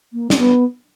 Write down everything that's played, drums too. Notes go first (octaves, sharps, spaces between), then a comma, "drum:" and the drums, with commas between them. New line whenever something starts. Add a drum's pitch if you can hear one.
A#3
C#4, drum: snare
B3